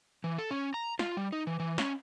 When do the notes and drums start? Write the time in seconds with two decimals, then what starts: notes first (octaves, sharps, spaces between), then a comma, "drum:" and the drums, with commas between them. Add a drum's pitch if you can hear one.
0.24 E3
0.38 A4
0.51 C#4
0.74 A#5
0.99 F4, drum: snare
1.17 G3
1.32 D#4
1.47 E3
1.60 E3
1.78 C#4, drum: snare